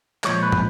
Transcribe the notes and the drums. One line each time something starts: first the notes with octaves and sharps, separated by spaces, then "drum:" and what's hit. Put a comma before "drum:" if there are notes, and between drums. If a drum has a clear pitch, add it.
A#2 F3 G#3 C#5, drum: clap
B4
drum: tom